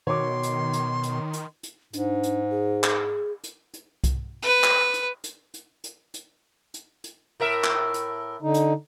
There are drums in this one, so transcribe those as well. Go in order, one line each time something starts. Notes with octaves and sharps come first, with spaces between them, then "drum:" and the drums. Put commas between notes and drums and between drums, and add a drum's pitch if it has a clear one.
B2 D#3 C#5 C6 D6
drum: hi-hat
drum: hi-hat
drum: hi-hat
drum: hi-hat
drum: hi-hat
G#2 D4, drum: hi-hat
drum: hi-hat
G#4
drum: clap
drum: hi-hat
drum: hi-hat
drum: kick C2, hi-hat
B4
drum: clap
drum: hi-hat
drum: hi-hat
drum: hi-hat
drum: hi-hat
drum: hi-hat
drum: hi-hat
drum: hi-hat
A2 A#4 E5
drum: clap
drum: hi-hat
D3 D#4
drum: hi-hat